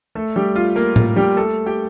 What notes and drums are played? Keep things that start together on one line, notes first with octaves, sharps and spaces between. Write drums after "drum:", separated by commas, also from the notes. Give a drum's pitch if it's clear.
A3 A4
G3 G4
F4
A#3 A#4
F4, drum: tom A2
G3 G4
A3 A4
G4 G5